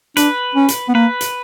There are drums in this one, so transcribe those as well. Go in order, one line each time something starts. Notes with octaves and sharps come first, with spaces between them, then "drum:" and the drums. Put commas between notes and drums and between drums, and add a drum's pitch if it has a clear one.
D4 B4, drum: hi-hat
C#4
drum: hi-hat
B3
A#3 B4
drum: hi-hat